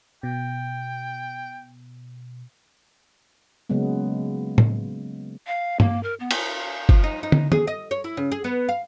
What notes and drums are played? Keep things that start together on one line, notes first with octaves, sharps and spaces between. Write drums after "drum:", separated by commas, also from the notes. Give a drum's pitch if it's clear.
B2 G5
C#3 F#3 G#3 A#3 B3
drum: tom
F5
A#3, drum: tom G2
A#4
B3
drum: cymbal
F3, drum: kick
D#4
D#4
drum: tom
G#4, drum: tom
D#5
C#5
E4
C#3
G#4
B3
F5